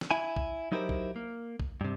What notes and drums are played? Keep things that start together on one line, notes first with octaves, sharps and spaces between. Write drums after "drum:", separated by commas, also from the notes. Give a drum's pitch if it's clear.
drum: snare
E4 G#5
drum: kick A#1
F#3 D#4 E4 G4 A#4 C5
drum: kick A#1
A#3
drum: kick A#1
G2 C3